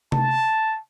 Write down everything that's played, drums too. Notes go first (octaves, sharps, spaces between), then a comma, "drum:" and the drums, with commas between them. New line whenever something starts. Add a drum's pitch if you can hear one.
A5, drum: tom C3